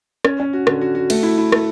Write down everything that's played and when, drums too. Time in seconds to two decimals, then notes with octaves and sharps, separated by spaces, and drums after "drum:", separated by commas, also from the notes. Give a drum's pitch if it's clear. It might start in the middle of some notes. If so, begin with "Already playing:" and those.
0.25 C#4, drum: rim click
0.40 C#4
0.53 F#4
0.67 D3, drum: rim click
0.81 F#4
0.95 F#4
1.10 A3, drum: cymbal
1.23 E4
1.38 E4
1.52 A3, drum: rim click